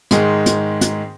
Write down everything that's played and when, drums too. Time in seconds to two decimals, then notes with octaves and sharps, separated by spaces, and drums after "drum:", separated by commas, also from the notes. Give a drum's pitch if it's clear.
0.11 G#2 D#3 G#3, drum: hi-hat
0.46 drum: hi-hat
0.81 drum: hi-hat